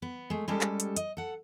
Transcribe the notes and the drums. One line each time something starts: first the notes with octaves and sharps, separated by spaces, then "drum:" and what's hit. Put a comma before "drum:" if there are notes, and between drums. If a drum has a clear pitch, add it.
B3
G#3 A3
G3 G#3 C#4 G4 A4
drum: clap
drum: hi-hat
D#5, drum: hi-hat
A4 F#5